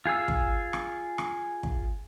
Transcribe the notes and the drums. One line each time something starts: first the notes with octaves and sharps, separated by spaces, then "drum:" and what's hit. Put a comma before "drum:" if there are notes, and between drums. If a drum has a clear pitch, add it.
F4 G#4 F5 E6
drum: kick
drum: rim click
drum: rim click
drum: kick